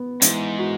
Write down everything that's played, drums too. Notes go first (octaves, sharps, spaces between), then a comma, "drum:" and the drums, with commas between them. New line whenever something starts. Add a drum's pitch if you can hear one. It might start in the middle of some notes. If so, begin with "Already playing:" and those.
Already playing: B3
G#2 E3, drum: hi-hat
F#4